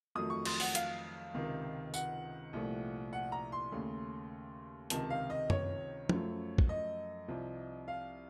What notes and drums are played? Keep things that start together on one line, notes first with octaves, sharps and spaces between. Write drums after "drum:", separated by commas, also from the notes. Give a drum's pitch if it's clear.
F2 D#3 F#3 A3 D#6
C#6
C6, drum: cymbal
F#5, drum: open hi-hat
F5, drum: hi-hat
C#2 C3 D#3
F#5, drum: tambourine
C2 A#2 F3 A3
F#5
A#5
C6
D#2 C#3 A3
C#2 C3 D#3 A5, drum: hi-hat
F5
D#5
C#5, drum: tom
F#2 F3 A3, drum: tom
drum: kick
D#5
C2 C3 F3
F5